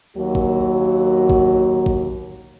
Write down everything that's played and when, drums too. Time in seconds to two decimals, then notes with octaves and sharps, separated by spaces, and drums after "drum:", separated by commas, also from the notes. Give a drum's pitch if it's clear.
0.16 D#2 F#3 A#3 F#4
0.35 drum: kick
1.30 drum: kick
1.86 drum: kick